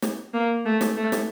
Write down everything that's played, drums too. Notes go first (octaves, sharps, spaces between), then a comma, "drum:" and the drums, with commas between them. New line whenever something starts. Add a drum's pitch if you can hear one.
drum: snare
A#3
A3
drum: snare
A3
drum: snare